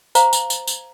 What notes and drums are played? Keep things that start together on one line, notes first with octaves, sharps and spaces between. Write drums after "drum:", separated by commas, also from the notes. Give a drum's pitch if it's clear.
C5 F5 A#5, drum: tambourine
drum: tambourine
drum: tambourine
drum: tambourine